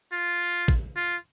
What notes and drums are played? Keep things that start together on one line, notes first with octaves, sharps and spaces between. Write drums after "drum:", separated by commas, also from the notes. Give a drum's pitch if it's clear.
F4
drum: kick
F4